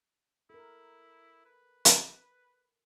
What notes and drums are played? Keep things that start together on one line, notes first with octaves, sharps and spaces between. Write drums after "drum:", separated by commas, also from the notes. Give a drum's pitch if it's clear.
E4 A4 A#4
B4
drum: hi-hat